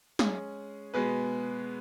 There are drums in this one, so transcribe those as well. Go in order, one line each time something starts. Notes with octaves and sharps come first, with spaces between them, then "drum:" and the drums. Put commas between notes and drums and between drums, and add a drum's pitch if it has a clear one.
G#3 C#4 G#4, drum: snare
B2 G#3 B3 G#4 B4